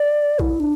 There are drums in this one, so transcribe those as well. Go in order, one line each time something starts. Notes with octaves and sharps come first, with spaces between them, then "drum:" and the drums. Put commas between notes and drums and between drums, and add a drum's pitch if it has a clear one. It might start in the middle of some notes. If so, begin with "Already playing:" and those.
Already playing: D5
E4, drum: kick A#1
D4